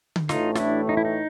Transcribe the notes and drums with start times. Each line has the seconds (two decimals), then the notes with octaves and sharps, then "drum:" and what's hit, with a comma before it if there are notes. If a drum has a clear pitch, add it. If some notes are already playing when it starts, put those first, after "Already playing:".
0.16 drum: tom D3
0.29 A1 A2 E3 A3 D#4 F4, drum: snare
0.55 F4, drum: snare
0.60 D4 E4
0.89 D#4
0.97 E4
1.05 D#4